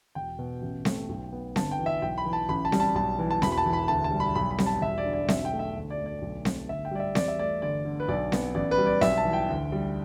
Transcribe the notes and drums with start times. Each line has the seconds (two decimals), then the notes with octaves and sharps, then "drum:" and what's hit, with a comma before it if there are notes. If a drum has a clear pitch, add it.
0.15 E1 G5
0.39 B2
0.62 A1
0.85 A3, drum: snare C4
1.09 B1
1.32 B3
1.56 G1 A5, drum: snare C4
1.71 G5
1.79 E3
1.86 E5
2.02 B1 G5
2.18 B5
2.26 E3
2.33 A5
2.49 A1 B5
2.65 A5
2.72 G3, drum: snare C4
2.80 A5
2.95 B1 A5
3.19 E3
3.31 A5
3.42 E1 B5, drum: snare C4
3.52 B5
3.58 A5
3.65 E3
3.73 B5
3.88 D2 A5
4.04 A5
4.11 G3
4.20 B5
4.35 B1 B5
4.51 B5
4.58 G3, drum: snare C4
4.66 A5
4.81 E1 E5
4.98 D5
5.05 D3
5.13 D5
5.28 B1 E5, drum: snare C4
5.45 G5
5.52 A3
5.59 E5
5.76 D2
5.90 D5
5.98 A3
6.06 D5
6.22 B1
6.45 A3, drum: snare C4
6.68 G1 E5
6.85 G5
6.91 G3 D5
7.00 E5
7.15 E2 D5, drum: snare C4
7.28 E5
7.39 A3 D5
7.62 G1 D5
7.85 D3
8.00 B4
8.08 B1 D5
8.32 B3, drum: snare C4
8.55 A1 D5
8.71 B4
8.78 G3
8.86 D5
9.01 B1 E5, drum: snare C4
9.18 A5
9.25 E3
9.33 G5
9.49 D2
9.72 G3